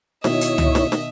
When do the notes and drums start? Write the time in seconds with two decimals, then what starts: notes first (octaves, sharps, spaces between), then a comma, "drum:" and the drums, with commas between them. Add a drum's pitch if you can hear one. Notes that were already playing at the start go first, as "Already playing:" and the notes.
0.24 B2 D#3 E4 C#5 D#5 E5, drum: snare
0.41 drum: hi-hat
0.58 drum: tom
0.75 drum: snare
0.92 drum: snare